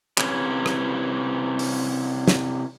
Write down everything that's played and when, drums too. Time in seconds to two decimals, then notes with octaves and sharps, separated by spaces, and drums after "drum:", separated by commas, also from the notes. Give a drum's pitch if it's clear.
0.18 C3 E3 C#4, drum: clap
0.66 drum: rim click
1.59 drum: open hi-hat
2.28 drum: snare